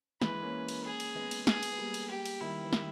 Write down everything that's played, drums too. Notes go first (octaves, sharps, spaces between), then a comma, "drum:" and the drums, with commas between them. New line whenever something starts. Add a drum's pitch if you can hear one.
E3 G#3 B4, drum: snare
A#3 C#4
drum: cymbal
G#4
drum: cymbal
G#3 B3
drum: cymbal
G#4, drum: snare
drum: cymbal
B3
G3 A#3
drum: cymbal
G4
drum: cymbal
D#3 G3 E4
E3
D#3 G3, drum: snare